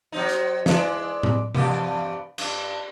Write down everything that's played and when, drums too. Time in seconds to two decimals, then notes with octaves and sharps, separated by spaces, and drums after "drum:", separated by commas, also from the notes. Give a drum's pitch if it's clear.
0.12 F#3 C4 D#4
0.29 drum: hi-hat
0.66 E3 G#3 D4, drum: snare
1.23 drum: tom A2
1.55 E2 G2 G4, drum: tom C3
2.38 G2, drum: cymbal